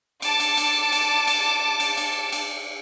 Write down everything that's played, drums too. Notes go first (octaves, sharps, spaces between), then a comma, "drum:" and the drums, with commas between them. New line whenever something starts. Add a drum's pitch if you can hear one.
A5 D6, drum: cymbal
drum: cymbal
drum: cymbal
drum: cymbal
drum: cymbal
drum: cymbal
drum: cymbal
drum: cymbal